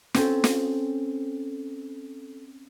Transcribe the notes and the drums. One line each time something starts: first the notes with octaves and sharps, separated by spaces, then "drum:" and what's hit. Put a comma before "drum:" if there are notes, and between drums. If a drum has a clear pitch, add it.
C4 C#4 A4, drum: snare
drum: snare